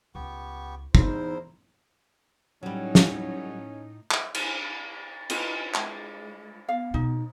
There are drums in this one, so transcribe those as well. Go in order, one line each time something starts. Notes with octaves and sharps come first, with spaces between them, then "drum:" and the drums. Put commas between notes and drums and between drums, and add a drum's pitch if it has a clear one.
C#2 B3 G4 C#6
E2 E3 D#4 E4 A#4 C5, drum: kick
A2 F#3 G3 C#4 D#4
drum: snare
drum: clap
drum: cymbal
E4 F4 B4 D#5, drum: cymbal
G#3, drum: clap
B3 F5
B2 D#4